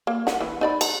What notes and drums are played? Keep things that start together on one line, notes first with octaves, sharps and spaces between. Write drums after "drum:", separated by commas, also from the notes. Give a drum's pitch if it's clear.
A#3
F#5, drum: snare
E3
D#4 D5 B5
A#5, drum: cymbal